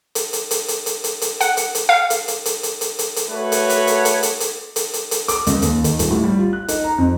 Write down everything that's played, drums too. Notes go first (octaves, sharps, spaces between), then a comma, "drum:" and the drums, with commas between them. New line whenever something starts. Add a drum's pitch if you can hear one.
drum: hi-hat
drum: hi-hat
drum: hi-hat
drum: hi-hat
drum: hi-hat
drum: hi-hat
drum: hi-hat
F#5, drum: hi-hat
drum: hi-hat
drum: hi-hat
F5
drum: hi-hat
drum: hi-hat
drum: hi-hat
drum: hi-hat
drum: hi-hat
drum: hi-hat
drum: hi-hat
A3 F#4 A4 B4 C#5
drum: hi-hat
drum: hi-hat
drum: hi-hat
drum: hi-hat
drum: hi-hat
drum: hi-hat
drum: hi-hat
drum: hi-hat
drum: hi-hat
D6, drum: hi-hat
C#2, drum: hi-hat
D#2, drum: hi-hat
D#3, drum: hi-hat
D#1, drum: hi-hat
A2
G3
F4
F#6
D#4, drum: hi-hat
A#5
F2